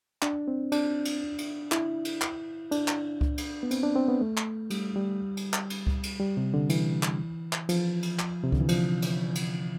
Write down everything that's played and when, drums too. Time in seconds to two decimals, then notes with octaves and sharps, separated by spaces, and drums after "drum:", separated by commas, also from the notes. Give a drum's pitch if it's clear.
0.22 D4, drum: clap
0.48 C4
0.72 D4, drum: cymbal
1.05 drum: cymbal
1.38 drum: cymbal
1.72 E4, drum: clap
2.05 drum: cymbal
2.21 drum: clap
2.72 D4, drum: cymbal
2.88 drum: clap
3.21 drum: kick C#2
3.38 drum: cymbal
3.63 B3
3.71 C4, drum: cymbal
3.83 D4
3.96 C4
4.08 B3
4.21 A3
4.37 drum: clap
4.70 G3, drum: cymbal
4.96 G3
5.37 drum: cymbal
5.53 drum: clap
5.70 drum: cymbal
5.87 drum: kick C#2
6.03 drum: cymbal
6.20 G3
6.37 C3
6.54 D3
6.70 E3, drum: cymbal
7.03 drum: clap
7.53 drum: clap
7.69 F3, drum: cymbal
8.03 drum: cymbal
8.19 drum: clap
8.43 C3
8.52 D3, drum: kick C#2
8.61 E3
8.69 F3, drum: cymbal
9.02 drum: cymbal
9.35 drum: cymbal